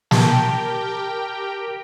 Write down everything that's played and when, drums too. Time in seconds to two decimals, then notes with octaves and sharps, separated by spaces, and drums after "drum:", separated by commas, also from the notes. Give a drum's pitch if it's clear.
0.11 G4 A#4 G5 A5, drum: snare